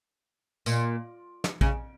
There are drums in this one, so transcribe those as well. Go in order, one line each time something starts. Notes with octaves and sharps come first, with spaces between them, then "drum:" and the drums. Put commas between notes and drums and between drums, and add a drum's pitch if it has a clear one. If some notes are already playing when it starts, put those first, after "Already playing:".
A#2, drum: tambourine
drum: snare
C#3, drum: kick